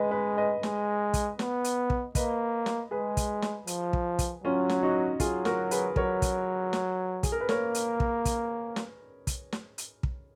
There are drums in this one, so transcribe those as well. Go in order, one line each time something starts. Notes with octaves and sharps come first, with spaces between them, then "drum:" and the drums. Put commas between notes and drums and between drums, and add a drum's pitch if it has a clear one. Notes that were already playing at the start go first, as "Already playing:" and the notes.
Already playing: G#3 B4 D#5
B4 D#5
B4 D#5
G#3, drum: snare
drum: kick, hi-hat
B3, drum: snare
drum: hi-hat
drum: kick
A#3 B4 D#5, drum: kick, hi-hat
drum: snare
G#3 G#4 B4
drum: kick, hi-hat
drum: snare
F3, drum: hi-hat
drum: kick
drum: kick, hi-hat
F#3 C#4 F4
drum: snare
D#4 F#4
F#3 F4 G#4, drum: kick, hi-hat
F#4 A#4, drum: snare
G#4 B4, drum: hi-hat
F#3 A#4 C#5, drum: kick
drum: kick, hi-hat
drum: snare
G#4, drum: kick, hi-hat
A#4
B4
A#3 A#4 C#5, drum: snare
drum: hi-hat
drum: kick
drum: kick, hi-hat
drum: snare
drum: kick, hi-hat
drum: snare
drum: hi-hat
drum: kick